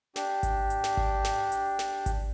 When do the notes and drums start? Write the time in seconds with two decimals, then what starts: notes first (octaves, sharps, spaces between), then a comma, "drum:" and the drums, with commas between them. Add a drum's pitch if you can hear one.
0.16 D4 G4, drum: snare
0.43 drum: kick G#1, hi-hat
0.70 drum: hi-hat
0.84 drum: snare
0.97 drum: kick G#1
1.25 drum: snare
1.52 drum: hi-hat
1.79 drum: snare
2.06 drum: kick G#1, hi-hat